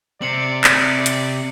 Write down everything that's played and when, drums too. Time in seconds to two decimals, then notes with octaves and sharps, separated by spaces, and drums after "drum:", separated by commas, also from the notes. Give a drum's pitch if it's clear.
0.22 C3 C4 D5 C7 C#7 F#7
0.64 drum: clap
1.06 drum: hi-hat